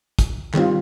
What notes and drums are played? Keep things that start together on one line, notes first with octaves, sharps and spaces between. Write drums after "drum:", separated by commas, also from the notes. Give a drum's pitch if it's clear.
drum: kick, hi-hat
D#3 G3 C4 F4, drum: clap